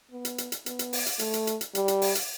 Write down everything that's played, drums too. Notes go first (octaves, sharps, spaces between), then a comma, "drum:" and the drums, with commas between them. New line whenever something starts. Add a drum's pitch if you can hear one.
B3
drum: hi-hat
drum: hi-hat
drum: hi-hat
B3, drum: hi-hat
drum: hi-hat
drum: open hi-hat
drum: hi-hat
A3, drum: hi-hat
drum: hi-hat
drum: hi-hat
drum: hi-hat
G3, drum: hi-hat
drum: hi-hat
drum: open hi-hat
drum: hi-hat